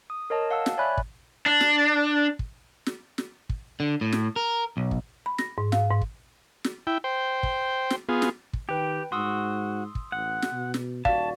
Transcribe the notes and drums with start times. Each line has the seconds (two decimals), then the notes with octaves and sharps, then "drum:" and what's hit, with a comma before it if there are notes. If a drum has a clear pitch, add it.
0.10 D#6
0.30 A#4 C#5 D#5 A5
0.50 F5 F#5 A5 E6
0.66 drum: snare
0.78 C#5 D5 E5 G#5 B5 F#6
0.97 drum: kick
1.46 D4
1.60 drum: snare
2.39 drum: kick
2.86 drum: snare
3.18 drum: snare
3.49 drum: kick
3.80 D3
4.01 A2
4.12 drum: snare
4.36 A#4
4.77 B1
4.91 drum: kick
5.26 B5
5.38 A#6, drum: snare
5.58 G#2
5.72 F5, drum: snare
5.90 G#2
6.01 drum: kick
6.64 drum: snare
6.87 E4 G5
7.04 C5 G5
7.43 drum: kick
7.90 drum: snare
8.09 B3 F4 G#4
8.22 drum: snare
8.53 drum: kick
8.69 D#3 G4 B4 G5
9.12 G#2 F#4 C6 D#6 E6
9.95 drum: kick
10.12 A1 F#5
10.42 drum: snare
10.52 B2
10.74 drum: snare
11.05 D#1 F#4 D5 F5 A5, drum: kick